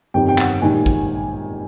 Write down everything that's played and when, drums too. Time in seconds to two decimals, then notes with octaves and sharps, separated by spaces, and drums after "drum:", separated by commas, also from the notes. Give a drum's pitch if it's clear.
0.14 G1 F2 C3 D#3 G3 G5
0.29 G5
0.38 F#5, drum: clap
0.62 A#1 G#2 D#3 G3 G#5
0.86 drum: kick A1